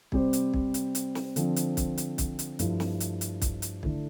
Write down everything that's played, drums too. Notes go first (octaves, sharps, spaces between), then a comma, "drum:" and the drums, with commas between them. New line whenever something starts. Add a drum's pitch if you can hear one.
C3 G3 C4 G4 C5, drum: kick
drum: hi-hat
drum: kick
drum: hi-hat
drum: hi-hat
drum: snare
D3 F3 C4, drum: hi-hat
drum: hi-hat
drum: kick, hi-hat
drum: hi-hat
drum: kick, hi-hat
drum: hi-hat
G2 F3 A3 E4, drum: hi-hat
drum: snare
drum: hi-hat
drum: hi-hat
drum: kick, hi-hat
drum: hi-hat
D3 A3 E4, drum: kick